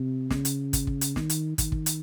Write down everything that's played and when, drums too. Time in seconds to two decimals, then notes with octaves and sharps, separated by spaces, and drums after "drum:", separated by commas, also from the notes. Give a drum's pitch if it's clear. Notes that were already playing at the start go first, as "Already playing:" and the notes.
Already playing: C3
0.31 C#3, drum: snare
0.45 drum: hi-hat
0.73 drum: kick, hi-hat
0.87 drum: kick
1.01 drum: hi-hat
1.16 D#3, drum: snare
1.30 drum: hi-hat
1.58 D#3, drum: kick, hi-hat
1.72 drum: kick
1.86 drum: hi-hat